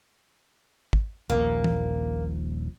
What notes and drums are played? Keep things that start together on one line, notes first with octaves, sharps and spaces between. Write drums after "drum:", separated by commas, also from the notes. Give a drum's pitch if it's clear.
drum: kick
D#1 A#1 A#2 A#3
drum: tom